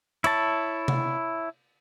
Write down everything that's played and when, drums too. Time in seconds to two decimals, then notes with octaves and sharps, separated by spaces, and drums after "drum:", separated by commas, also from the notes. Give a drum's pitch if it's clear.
0.24 E4 C#5 A5, drum: cymbal
0.88 drum: tom C3